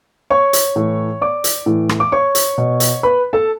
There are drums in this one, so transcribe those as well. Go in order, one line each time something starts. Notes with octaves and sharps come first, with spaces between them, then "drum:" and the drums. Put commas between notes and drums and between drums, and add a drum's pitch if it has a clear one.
C#5 C#6
drum: hi-hat
A2 E3
D5 D6
drum: hi-hat
A2 E3
drum: rim click
D6
C#5 C#6
drum: hi-hat
B2
drum: hi-hat
B4 B5
A4 A5